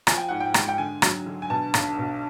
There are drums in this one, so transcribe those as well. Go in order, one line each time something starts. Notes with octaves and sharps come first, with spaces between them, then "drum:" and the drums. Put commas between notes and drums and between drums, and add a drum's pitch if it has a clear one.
F3 G#5, drum: rim click
G5
G#2 F#5
G5
G#3, drum: rim click
G5
D3 G#5
F#3, drum: rim click
D3
G#5
B2 A5
B1, drum: rim click
B2